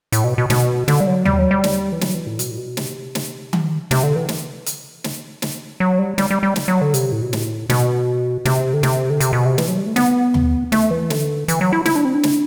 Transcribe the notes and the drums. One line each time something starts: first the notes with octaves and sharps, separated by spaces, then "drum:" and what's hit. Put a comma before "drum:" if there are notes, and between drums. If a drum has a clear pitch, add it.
A2, drum: hi-hat
B2
B2
B2, drum: snare
D3, drum: snare
G3
F#3
G3, drum: tom D#2
F#3
G3
drum: snare
E3
F#3, drum: snare
E3
A2
B2, drum: hi-hat
A2
B2
C3, drum: snare
drum: snare
drum: tom D#3
C3, drum: snare
D3
E3
drum: snare
drum: hi-hat
drum: snare
drum: snare
F#3
G3
G3, drum: snare
G3
G3
drum: snare
F#3
D3
C3, drum: hi-hat
A2
B2
A2, drum: snare
B2, drum: snare
C3, drum: snare
D3
C3, drum: snare
D3
C3, drum: hi-hat
B2
C3
E3, drum: snare
F#3
G3
A3
B3, drum: snare
drum: tom D#2
A3, drum: snare
E3
D3, drum: snare
E3, drum: hi-hat
F#3
E4
E4, drum: snare
D4
C4
D4
drum: snare